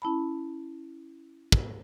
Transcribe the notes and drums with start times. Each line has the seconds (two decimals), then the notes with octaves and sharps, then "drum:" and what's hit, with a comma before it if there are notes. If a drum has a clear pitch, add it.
0.02 C#4 E4 A5 B5
1.52 drum: kick